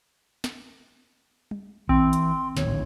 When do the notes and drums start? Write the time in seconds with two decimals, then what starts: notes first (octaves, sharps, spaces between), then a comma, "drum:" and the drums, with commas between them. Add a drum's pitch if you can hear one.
0.44 drum: snare
1.51 drum: tom
1.89 E3 C4 C6, drum: kick A#1
2.13 drum: hi-hat
2.57 D1 A#1 D#3 C#5, drum: snare